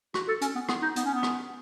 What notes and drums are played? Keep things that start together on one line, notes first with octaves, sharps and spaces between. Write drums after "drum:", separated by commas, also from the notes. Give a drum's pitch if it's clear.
F#4, drum: rim click
A4
C#4, drum: hi-hat
B3
B3, drum: rim click
D#4
B3, drum: hi-hat
C#4
B3
drum: rim click